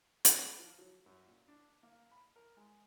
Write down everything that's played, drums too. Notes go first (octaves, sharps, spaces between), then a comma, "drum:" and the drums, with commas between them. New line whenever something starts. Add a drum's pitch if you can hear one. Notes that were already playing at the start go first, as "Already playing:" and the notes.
D#4, drum: hi-hat
B5
F3
F#3
F#2
A#2
D4
A#3
B5
A#4
G#3